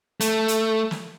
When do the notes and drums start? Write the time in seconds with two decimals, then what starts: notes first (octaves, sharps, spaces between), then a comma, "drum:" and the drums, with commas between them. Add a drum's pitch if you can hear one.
0.21 A3, drum: hi-hat
0.48 drum: hi-hat
0.91 drum: snare